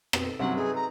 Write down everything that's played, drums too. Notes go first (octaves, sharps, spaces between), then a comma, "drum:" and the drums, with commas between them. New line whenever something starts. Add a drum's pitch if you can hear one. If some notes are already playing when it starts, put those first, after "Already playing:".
B2 B3 C4, drum: rim click
A4
G2 C3 F#3 C#4 F#5
D#4 G#4 A4 B4
A#5